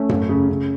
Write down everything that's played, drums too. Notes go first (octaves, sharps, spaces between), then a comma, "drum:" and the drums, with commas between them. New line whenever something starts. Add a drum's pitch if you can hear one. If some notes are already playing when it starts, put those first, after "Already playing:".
Already playing: A3 C#4
F#2, drum: tom G#2
C#3
C#3